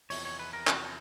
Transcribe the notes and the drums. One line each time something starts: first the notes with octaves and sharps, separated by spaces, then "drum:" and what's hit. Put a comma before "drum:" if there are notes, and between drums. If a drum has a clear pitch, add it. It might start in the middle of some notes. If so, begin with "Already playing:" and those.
E2 C3 F3 C#5, drum: open hi-hat
C#5
B4
A#4
E2 C3 F3 F#4, drum: clap